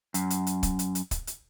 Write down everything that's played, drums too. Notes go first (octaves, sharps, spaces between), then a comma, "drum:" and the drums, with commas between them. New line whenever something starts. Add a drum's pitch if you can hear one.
F#2, drum: hi-hat
drum: hi-hat
drum: hi-hat
drum: kick, hi-hat
drum: hi-hat
drum: hi-hat
drum: kick, hi-hat
drum: hi-hat